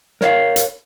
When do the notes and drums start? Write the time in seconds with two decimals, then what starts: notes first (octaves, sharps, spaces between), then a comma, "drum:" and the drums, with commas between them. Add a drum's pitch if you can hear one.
0.21 A#4 C#5 E5 F5, drum: snare
0.56 drum: hi-hat